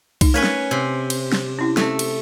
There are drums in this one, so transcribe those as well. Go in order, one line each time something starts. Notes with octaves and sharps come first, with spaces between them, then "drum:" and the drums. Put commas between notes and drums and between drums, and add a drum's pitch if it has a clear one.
D#4, drum: kick C2, cymbal
A3 C#4 A#4 B4 C#5
drum: snare
C3
drum: cymbal
drum: snare
C#4 E4
A3 C#4 G4, drum: snare
drum: cymbal